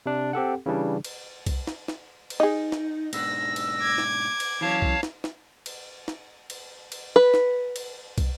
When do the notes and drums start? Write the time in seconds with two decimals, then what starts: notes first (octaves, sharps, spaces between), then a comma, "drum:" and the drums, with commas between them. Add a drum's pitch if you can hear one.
0.06 C3 D4
0.33 C4 G4 A4 F#5
0.66 C#3 E3 G3 D4
1.05 drum: cymbal
1.46 drum: kick, cymbal
1.67 drum: snare
1.88 drum: snare
2.30 drum: cymbal
2.40 D#4 G#4 D#5
2.72 drum: snare
3.13 G#2 B2 D4 E6 A#6, drum: cymbal
3.56 drum: cymbal
3.81 D6 G#6
3.98 drum: snare
4.40 drum: cymbal
4.61 E3 F#3 C#4 C#5 F5 A5
4.82 drum: kick
5.03 drum: snare
5.24 drum: snare
5.66 drum: cymbal
6.08 drum: snare
6.50 drum: cymbal
6.92 drum: cymbal
7.16 B4
7.34 drum: snare
7.76 drum: cymbal
8.18 drum: kick, cymbal